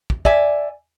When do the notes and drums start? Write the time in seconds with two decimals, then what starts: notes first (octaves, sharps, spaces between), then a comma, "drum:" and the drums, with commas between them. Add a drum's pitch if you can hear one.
0.10 drum: kick
0.25 D5 E5 G#5, drum: kick